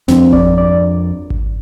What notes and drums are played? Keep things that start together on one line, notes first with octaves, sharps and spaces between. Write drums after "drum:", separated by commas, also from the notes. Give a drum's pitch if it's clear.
F2 F3 C4 D4, drum: snare
D5, drum: kick G#1
D5
drum: kick G#1